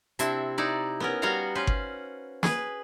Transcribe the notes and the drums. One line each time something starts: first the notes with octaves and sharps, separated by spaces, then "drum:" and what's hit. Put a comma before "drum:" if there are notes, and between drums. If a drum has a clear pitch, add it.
C3 C4 D4 E4 E5, drum: hi-hat
D#4 E4 D5
B3 C#4 A#4
G3 B3 F#4 C#5 F5 A#5
C#4 B4 C5
drum: kick G1
G#4 B4, drum: snare